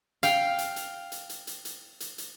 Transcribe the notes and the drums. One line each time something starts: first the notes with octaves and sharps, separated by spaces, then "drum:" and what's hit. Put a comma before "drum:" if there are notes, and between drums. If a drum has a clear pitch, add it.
F5 G5, drum: hi-hat
drum: hi-hat
drum: hi-hat
drum: hi-hat
drum: hi-hat
drum: hi-hat
drum: hi-hat
drum: hi-hat
drum: hi-hat